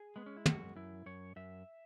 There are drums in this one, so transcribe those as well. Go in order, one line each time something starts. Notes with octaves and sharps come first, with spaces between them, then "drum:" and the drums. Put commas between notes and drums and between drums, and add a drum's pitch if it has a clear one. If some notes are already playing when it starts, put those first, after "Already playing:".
Already playing: G#4
G#3 B3
C#4
E4
F#2 F#4, drum: tom
F#2 E4
F#2 C#5
F#2 E5